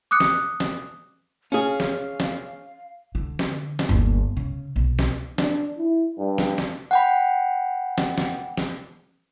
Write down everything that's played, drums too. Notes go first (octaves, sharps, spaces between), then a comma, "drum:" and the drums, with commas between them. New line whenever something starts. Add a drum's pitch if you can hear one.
D6 D#6 F#6 C#7
drum: snare
drum: snare
C#4 G#4 F5
drum: snare
drum: snare
D3
drum: snare
drum: snare
G1 D#2
C#3
B1
drum: snare
D4, drum: snare
E4
G2
drum: snare
drum: snare
F#5 G5 B5
drum: snare
drum: snare
drum: snare